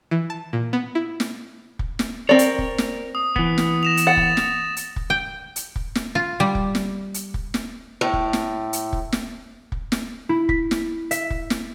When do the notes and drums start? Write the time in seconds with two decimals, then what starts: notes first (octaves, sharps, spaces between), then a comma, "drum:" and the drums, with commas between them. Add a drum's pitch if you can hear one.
0.11 E3
0.30 A5
0.53 A#2
0.73 B3
0.95 E4
1.20 drum: snare
1.79 drum: kick
1.99 drum: snare
2.29 C4 A#4 C#5 D5
2.39 drum: hi-hat
2.59 drum: kick
2.78 drum: snare
3.15 D#6
3.36 E3 B3, drum: kick
3.58 drum: snare
3.83 A#6 E7 F7
3.97 drum: hi-hat
4.07 F#5 A6
4.17 drum: kick
4.37 drum: snare
4.77 drum: hi-hat
4.96 drum: kick
5.10 G5
5.56 drum: hi-hat
5.76 drum: kick
5.95 drum: snare
6.15 F4
6.40 G3
6.55 drum: kick
6.75 drum: snare
7.14 drum: hi-hat
7.34 drum: kick
7.54 drum: snare
8.01 A2
8.13 drum: kick
8.33 drum: snare
8.73 drum: hi-hat
8.93 drum: kick
9.12 drum: snare
9.72 drum: kick
9.92 drum: snare
10.29 E4
10.49 B6, drum: kick
10.71 drum: snare
11.11 E5, drum: hi-hat
11.30 drum: kick
11.50 drum: snare